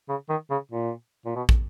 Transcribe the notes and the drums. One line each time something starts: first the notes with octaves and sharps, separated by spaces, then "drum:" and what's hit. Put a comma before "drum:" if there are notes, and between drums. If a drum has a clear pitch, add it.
C#3
D#3
C#3
A#2
A#2
B2
drum: kick